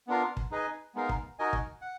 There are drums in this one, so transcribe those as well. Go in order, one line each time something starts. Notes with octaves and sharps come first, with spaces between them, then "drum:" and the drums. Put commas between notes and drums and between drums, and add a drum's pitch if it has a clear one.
B3 D4 F4 A#4 F5
drum: kick
D#4 G#4 B4 D#5 G#5
G#3 B3 D#4 A#4 F5
drum: kick
D#4 F#4 A#4 D#5 G#5
drum: kick
F#5